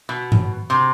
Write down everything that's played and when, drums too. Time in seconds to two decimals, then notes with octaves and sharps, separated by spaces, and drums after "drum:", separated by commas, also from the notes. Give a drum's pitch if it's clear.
0.09 B2
0.32 drum: tom G2
0.70 C3